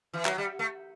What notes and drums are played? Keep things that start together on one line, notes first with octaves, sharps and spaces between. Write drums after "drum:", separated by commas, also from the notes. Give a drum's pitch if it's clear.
E3
F#3, drum: clap
G3
A3